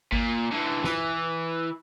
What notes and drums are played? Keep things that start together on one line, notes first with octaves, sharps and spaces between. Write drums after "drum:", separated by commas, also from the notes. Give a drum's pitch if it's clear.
A#2, drum: kick G#1
D3 E3
E3, drum: snare